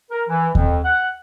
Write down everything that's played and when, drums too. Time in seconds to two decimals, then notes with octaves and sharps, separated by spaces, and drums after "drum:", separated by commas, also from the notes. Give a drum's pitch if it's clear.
0.11 A#4
0.29 E3
0.55 F2, drum: kick D#2
0.85 F#5